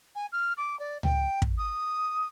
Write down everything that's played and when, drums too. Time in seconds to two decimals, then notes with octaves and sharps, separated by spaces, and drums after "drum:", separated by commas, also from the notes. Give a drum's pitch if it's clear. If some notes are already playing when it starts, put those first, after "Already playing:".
0.15 G#5
0.32 F6
0.57 D6
0.79 D5
1.03 G5, drum: tom C#2
1.42 drum: kick
1.58 D#6